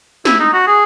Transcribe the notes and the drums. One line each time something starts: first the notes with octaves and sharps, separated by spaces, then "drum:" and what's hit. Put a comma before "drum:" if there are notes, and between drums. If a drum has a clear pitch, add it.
E4, drum: snare
D#4
F#4
G#4